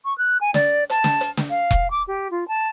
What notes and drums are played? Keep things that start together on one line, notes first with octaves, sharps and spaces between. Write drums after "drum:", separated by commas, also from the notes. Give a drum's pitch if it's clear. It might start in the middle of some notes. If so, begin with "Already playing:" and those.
C#6
F#6
G#5
D5, drum: snare
A5, drum: hi-hat
drum: snare
drum: hi-hat
drum: snare
F5
drum: kick E1
D6
G4
F4
A5